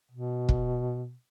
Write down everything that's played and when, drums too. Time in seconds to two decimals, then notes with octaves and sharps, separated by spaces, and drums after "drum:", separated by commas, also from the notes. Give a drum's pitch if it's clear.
0.11 B2
0.49 drum: kick